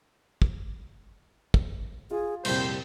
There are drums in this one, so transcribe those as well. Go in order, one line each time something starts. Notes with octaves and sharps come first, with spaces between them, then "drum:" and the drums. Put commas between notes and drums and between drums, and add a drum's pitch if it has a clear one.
drum: kick
drum: kick
F4 G#4
C2 F2 A#2 G3 C5, drum: cymbal